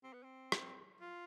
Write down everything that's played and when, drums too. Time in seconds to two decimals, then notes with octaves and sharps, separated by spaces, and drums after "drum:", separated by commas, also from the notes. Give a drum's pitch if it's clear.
0.03 C4
0.13 B3
0.23 C4
0.52 drum: rim click
1.01 F4